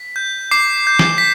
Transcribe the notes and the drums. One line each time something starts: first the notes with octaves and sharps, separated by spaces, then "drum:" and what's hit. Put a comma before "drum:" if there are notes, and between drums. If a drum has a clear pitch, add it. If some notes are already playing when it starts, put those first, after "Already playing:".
Already playing: B6
G6
D6 C7
G6
drum: snare
B6